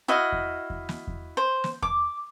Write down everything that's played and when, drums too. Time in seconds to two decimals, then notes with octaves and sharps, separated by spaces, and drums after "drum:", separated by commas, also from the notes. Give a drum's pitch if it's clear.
0.08 E4 F#4 D#5 F5
0.32 drum: kick E2
0.70 drum: kick E2
0.89 drum: snare
1.07 drum: kick E2
1.37 C5
1.64 drum: snare
1.82 D6, drum: kick E2